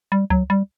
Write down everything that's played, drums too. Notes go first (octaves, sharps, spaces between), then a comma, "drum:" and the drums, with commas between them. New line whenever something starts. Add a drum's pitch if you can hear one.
G3
F#3, drum: kick C#2
G3